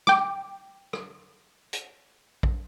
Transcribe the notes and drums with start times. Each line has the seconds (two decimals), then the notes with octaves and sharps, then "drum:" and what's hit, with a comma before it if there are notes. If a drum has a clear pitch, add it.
0.07 G5 D6, drum: snare
0.93 drum: rim click
1.73 drum: hi-hat
2.43 drum: kick A#1